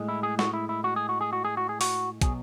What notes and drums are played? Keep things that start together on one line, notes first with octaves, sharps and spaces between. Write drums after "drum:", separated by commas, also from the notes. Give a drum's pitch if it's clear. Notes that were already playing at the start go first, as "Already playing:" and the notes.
Already playing: A2 G#3
E4
G#4
F#4, drum: snare
E4
E4
F#4
G#4
F#4
G#4
F#4
G#4
F#4
G#4
F#4, drum: open hi-hat
B2 F#3 G#4, drum: kick, hi-hat